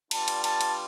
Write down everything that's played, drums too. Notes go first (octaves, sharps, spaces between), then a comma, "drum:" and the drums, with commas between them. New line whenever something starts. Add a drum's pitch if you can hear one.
G3 B3 D4 F4 A5, drum: cymbal
drum: cymbal
A5, drum: cymbal
drum: cymbal